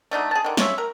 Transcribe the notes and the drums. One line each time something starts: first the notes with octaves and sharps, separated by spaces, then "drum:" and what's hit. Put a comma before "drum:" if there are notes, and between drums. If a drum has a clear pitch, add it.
A3 D4 D#4 F#4
G#4 A5
D3 D#3
C#3 F4 C#5 E5, drum: snare
A#4